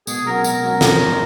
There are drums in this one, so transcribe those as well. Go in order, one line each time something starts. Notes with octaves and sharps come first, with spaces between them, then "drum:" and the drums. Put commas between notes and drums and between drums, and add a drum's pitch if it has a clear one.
B2 G#4, drum: tambourine
F#3 C#4 F#4 A#4
B2 A#4, drum: tambourine
F#3 C#4 F#4
D#3, drum: snare
G#3 C#4 F4